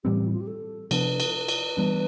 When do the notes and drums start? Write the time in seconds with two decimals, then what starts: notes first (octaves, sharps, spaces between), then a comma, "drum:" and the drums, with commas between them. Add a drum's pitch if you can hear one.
0.04 A2 E3 G3 C4 G4
0.27 E4
0.33 F4
0.41 G4
0.47 A4
0.91 C3 F3 B3 D4 B4, drum: cymbal
1.20 drum: cymbal
1.35 B4
1.48 drum: cymbal
1.77 E3 G3 B3 D4